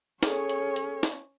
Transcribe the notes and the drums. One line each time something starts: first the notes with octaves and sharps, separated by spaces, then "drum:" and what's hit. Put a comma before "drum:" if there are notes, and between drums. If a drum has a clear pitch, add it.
C#4 G#4 A4 C#5, drum: snare
drum: hi-hat
drum: hi-hat
drum: snare